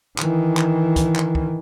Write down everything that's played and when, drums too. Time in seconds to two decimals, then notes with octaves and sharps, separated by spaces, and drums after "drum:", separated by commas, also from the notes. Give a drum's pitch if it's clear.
0.19 D#3 E3, drum: clap
0.57 drum: clap
0.96 drum: kick, hi-hat
1.16 drum: clap
1.35 drum: kick